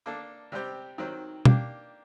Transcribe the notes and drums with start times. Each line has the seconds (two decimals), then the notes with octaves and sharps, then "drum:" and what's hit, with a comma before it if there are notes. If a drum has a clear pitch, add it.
0.06 A#3 D4 A4
0.52 C3 G3 C4 G4
0.98 D#3 F#3 C4
1.45 A#3 D4 G4, drum: tom B2